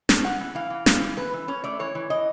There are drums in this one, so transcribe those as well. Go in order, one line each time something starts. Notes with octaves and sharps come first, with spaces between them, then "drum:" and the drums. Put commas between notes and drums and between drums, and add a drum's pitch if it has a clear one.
A3, drum: snare
C#4 F#5
E3
E3 F5
E3
E3, drum: snare
E3
E3 B4
E3
C#4 C#5
A3 D5
E3 C#5
E3
E3 D#5